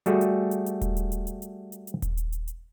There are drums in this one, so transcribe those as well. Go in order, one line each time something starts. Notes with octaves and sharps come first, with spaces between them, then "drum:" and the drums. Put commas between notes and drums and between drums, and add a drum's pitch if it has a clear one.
G3 A3 F#4 G#4 A4, drum: hi-hat
drum: hi-hat
drum: hi-hat
drum: hi-hat
drum: kick D#1, hi-hat
drum: hi-hat
drum: hi-hat
drum: hi-hat
drum: hi-hat
drum: hi-hat
drum: hi-hat
drum: kick D#1, hi-hat
drum: hi-hat
drum: hi-hat
drum: hi-hat